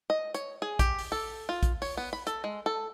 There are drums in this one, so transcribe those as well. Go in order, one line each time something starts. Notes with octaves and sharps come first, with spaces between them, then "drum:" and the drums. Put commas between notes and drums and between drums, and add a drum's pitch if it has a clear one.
D#5
C#5, drum: hi-hat
G#4
G4, drum: kick A#1, hi-hat
drum: open hi-hat
A4
F4
drum: kick A#1, hi-hat
C#5, drum: open hi-hat
B3
B5
A4, drum: hi-hat
G#3
A4